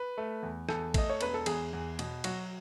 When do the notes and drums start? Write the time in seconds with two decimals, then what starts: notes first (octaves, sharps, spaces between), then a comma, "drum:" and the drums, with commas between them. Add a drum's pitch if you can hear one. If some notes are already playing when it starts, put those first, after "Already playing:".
Already playing: B4
0.17 A3
0.43 E2
0.69 E2 A4, drum: rim click
0.94 A3 D#5, drum: kick, cymbal
1.10 C#5
1.21 E1 B4, drum: cymbal
1.34 A4
1.46 E2 G#4, drum: cymbal
1.73 E2
1.99 B2, drum: cymbal
2.24 F#3 F#4, drum: cymbal